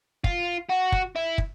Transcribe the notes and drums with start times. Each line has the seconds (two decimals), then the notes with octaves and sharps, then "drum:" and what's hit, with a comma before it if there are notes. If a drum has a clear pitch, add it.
0.24 F4, drum: kick
0.69 F#4
0.92 drum: kick
1.16 E4
1.38 drum: kick